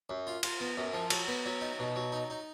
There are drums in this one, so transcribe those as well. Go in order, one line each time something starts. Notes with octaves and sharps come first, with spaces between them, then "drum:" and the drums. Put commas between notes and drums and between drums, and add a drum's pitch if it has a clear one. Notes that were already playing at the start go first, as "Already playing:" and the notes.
F#2
F4
F4, drum: cymbal
B3
F#2
F3
F#3, drum: cymbal
B3
F#3
D#4
B2
F#3
D#4
D#4